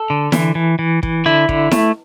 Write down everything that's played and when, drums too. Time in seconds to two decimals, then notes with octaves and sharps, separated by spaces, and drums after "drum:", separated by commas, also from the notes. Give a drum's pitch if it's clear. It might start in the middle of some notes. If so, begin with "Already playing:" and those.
Already playing: A4
0.10 D3
0.32 E3, drum: snare E4
0.55 E3
0.79 E3
1.03 E3, drum: kick
1.26 D3 E4
1.49 D3, drum: kick
1.71 A3, drum: snare E4